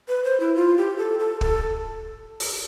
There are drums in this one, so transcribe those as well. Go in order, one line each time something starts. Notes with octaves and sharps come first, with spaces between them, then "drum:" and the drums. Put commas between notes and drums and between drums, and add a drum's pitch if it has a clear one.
B4
C5
E4
F4
G4
A4
A4
A4, drum: kick
drum: open hi-hat